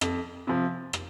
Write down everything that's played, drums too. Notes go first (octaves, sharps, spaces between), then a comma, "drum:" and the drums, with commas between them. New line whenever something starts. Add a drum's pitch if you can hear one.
F2, drum: rim click
C3 F3
drum: rim click